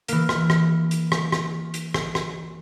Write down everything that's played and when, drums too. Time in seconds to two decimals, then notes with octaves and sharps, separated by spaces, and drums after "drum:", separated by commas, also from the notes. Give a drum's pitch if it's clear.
0.08 E3 A#3, drum: hi-hat
0.29 drum: rim click
0.50 drum: rim click
0.91 drum: hi-hat
1.12 drum: rim click
1.32 drum: rim click
1.74 drum: hi-hat
1.94 drum: rim click
2.15 drum: rim click